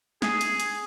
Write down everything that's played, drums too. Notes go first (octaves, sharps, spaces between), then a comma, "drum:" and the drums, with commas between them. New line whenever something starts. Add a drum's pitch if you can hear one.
G#4, drum: snare
drum: hi-hat
drum: hi-hat